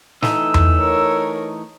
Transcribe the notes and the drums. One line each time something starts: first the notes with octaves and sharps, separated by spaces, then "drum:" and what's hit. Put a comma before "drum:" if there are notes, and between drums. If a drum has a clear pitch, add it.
E3 A3 D#4 E6, drum: snare
drum: tom E2
A#4 C#5